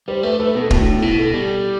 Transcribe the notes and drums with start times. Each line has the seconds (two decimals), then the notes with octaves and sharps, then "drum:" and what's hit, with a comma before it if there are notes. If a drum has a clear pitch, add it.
0.08 G3 C5
0.23 A3 B4
0.39 A3 B4
0.55 B2 A4
0.70 A2 F#4, drum: kick
0.80 D4
0.86 E4
1.02 B2 E4
1.18 A4
1.34 G3